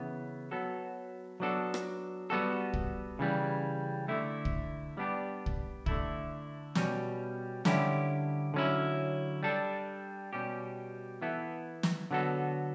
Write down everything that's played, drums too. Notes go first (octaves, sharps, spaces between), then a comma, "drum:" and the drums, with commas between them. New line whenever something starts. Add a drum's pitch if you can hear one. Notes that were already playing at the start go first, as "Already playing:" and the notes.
Already playing: C#3 E3 B3
F#3 B3 F#4 A4
F#3 B3 D4 F#4 A4
drum: rim click
G3 B3 F#4 A4
drum: kick
C#3 E3 G3
D3 A3 E4
drum: kick
G3 B3 D4 G4
drum: kick
D3 A3 E4, drum: kick
B2 G3 C#4, drum: snare
D3 G3 C#4 E4 G4, drum: snare
D3 F#3 C#4 E4
G3 D4 A4
B2 G3 C#4 G4
E3 B3 E4 A4
drum: snare
D3 F#3 B3 F#4 A4